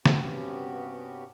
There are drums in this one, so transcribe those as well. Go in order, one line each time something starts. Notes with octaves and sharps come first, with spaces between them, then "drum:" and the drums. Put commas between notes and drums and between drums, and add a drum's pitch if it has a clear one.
G2 C3 B3 C#4 F#4 G4, drum: snare